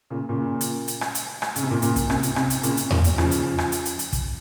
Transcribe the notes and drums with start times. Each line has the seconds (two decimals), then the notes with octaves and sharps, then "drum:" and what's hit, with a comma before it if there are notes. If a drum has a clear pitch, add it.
0.10 A#2 C#3
0.29 A#2 C#3
0.61 drum: hi-hat
0.88 drum: hi-hat
1.01 drum: rim click
1.15 drum: hi-hat
1.42 drum: rim click
1.56 C#3, drum: hi-hat
1.63 C3
1.70 A#2 C#3
1.82 A#2 C#3, drum: hi-hat
1.96 drum: kick, hi-hat
2.10 C3, drum: rim click
2.23 drum: hi-hat
2.36 C3, drum: rim click
2.50 drum: hi-hat
2.63 A#2 C#3, drum: hi-hat
2.77 drum: hi-hat
2.90 A#2, drum: tom E2
3.04 drum: hi-hat
3.18 C#3 F3, drum: rim click
3.31 drum: hi-hat
3.58 drum: rim click
3.72 drum: hi-hat
3.85 drum: hi-hat
3.99 drum: hi-hat
4.13 drum: kick, hi-hat